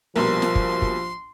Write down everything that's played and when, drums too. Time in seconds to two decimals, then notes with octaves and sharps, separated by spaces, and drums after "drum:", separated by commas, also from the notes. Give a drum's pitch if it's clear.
0.16 A#1 B2 F3 G3 A#4 C6
0.42 drum: snare
0.55 drum: kick
0.82 drum: kick